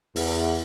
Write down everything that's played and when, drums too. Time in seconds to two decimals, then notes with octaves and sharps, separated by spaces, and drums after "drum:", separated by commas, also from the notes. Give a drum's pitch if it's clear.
0.16 E2, drum: open hi-hat